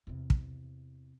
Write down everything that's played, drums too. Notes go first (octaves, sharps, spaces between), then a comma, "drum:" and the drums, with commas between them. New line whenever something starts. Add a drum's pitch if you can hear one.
E2 C3
drum: kick